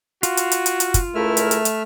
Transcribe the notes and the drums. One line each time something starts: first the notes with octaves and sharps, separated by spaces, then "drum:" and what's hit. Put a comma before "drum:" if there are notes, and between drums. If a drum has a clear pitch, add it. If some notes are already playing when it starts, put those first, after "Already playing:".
F4 F#4, drum: hi-hat
drum: hi-hat
drum: hi-hat
drum: hi-hat
drum: hi-hat
drum: kick, hi-hat
C#2 A3 E4 A#4 E5 F6
drum: hi-hat
drum: hi-hat
drum: hi-hat